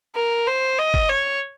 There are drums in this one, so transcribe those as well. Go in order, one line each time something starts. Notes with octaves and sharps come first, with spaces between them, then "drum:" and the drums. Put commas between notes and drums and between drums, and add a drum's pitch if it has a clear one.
A#4
C5
D#5
drum: kick G1
C#5